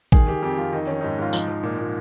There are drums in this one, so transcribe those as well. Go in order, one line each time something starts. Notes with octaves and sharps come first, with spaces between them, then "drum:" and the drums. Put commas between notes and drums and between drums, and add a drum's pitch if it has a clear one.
D#3 G#4, drum: kick A1
D#3 G4
F2 G4
F2 F4
D#3 D#4
D#3 C#4
G#2 D#4
G#2 F4
F3 D#4, drum: tambourine
F3
A#2
A#2